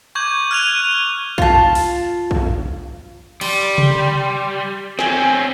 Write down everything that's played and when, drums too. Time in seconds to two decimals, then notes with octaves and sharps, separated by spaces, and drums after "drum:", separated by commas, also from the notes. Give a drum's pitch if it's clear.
0.15 C#6 D6 G6 G#6 F#7
0.51 F6 F#6 G#6 D#7 F7
1.38 F4 A5, drum: kick
1.75 drum: open hi-hat
2.31 drum: kick
3.41 G3 C6, drum: cymbal
3.78 drum: tom C3
4.99 C4 C#4 G#5, drum: snare